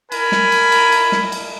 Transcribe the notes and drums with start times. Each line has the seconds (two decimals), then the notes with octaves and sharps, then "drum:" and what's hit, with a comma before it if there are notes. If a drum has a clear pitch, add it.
0.12 A#4 G#5 B5, drum: cymbal
0.32 drum: snare
0.52 drum: cymbal
0.72 drum: cymbal
0.92 drum: cymbal
1.12 drum: snare
1.32 drum: cymbal